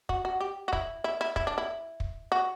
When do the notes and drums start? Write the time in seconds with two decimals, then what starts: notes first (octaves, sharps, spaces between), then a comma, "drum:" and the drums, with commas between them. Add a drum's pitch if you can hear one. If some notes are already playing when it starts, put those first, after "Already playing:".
0.09 F#4, drum: kick
0.25 F#4
0.40 G4
0.68 F#4
0.73 E4, drum: kick
1.04 E4
1.21 E4
1.36 E4, drum: kick
1.47 D4
1.58 E4
2.00 drum: kick
2.32 F#4